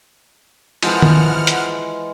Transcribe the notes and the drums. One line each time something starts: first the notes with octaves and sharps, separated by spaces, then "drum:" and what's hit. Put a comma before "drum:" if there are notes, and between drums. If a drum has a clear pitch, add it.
E3 F3 G#3 F#5 F6, drum: cymbal
drum: tom D#3
drum: hi-hat